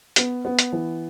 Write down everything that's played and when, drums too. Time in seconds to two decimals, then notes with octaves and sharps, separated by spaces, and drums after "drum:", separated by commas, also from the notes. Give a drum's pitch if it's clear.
0.16 B3, drum: hi-hat
0.45 B3
0.59 drum: hi-hat
0.72 E3